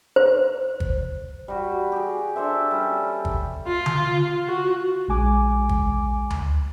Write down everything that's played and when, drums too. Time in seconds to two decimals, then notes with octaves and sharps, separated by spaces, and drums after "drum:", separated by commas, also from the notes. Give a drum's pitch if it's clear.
0.16 C5
0.80 drum: kick
1.48 G3 F#4
1.92 G4 G#4
2.36 D4 A4 C5 E5
2.71 G3 C#4
3.25 drum: kick
3.67 F4
3.86 drum: tom D3
4.47 F#4
5.08 A#1 G#3 G#5 D6
5.69 drum: kick
6.30 drum: tom D2